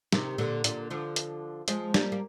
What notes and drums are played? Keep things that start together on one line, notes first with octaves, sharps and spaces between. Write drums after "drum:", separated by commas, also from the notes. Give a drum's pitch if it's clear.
C3 D#3, drum: snare
A#2 D3
A#2 D3, drum: hi-hat
D3 F3
drum: hi-hat
F3 G#3, drum: hi-hat
G3 A#3, drum: snare
A#3